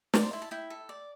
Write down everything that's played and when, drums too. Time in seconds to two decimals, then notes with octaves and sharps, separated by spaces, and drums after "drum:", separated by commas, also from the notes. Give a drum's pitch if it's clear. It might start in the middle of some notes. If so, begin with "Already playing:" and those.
0.14 D5 D6, drum: snare
0.23 C6
0.33 E4 C6
0.42 A5
0.51 E4 G5
0.70 A4
0.89 D5